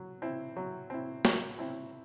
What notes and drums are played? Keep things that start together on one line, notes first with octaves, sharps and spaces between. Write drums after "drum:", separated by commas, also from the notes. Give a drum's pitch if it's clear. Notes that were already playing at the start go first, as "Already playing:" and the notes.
Already playing: F#3
C4 E4
F#3
C4 E4
F#3 C#6, drum: snare
C4 E4